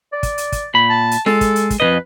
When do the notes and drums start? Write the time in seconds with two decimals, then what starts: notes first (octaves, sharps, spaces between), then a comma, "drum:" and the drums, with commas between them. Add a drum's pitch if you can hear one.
0.12 D5
0.23 drum: kick, hi-hat
0.38 drum: hi-hat
0.52 drum: kick, hi-hat
0.74 A#2 B5
0.89 A5
1.11 drum: hi-hat
1.26 G#3 A4, drum: snare F4
1.41 drum: kick, hi-hat
1.56 drum: hi-hat
1.70 drum: kick, hi-hat
1.80 F2 C#3 B4 D#5